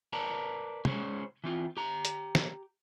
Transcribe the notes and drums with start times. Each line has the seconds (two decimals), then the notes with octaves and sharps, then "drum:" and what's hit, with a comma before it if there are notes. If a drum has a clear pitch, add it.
0.13 A#4 B4 D5 A5 A#5
0.85 G#3 C#4 C5, drum: tom
1.44 E3 C4 F4
1.77 G4 A#5
2.05 drum: hi-hat
2.35 drum: snare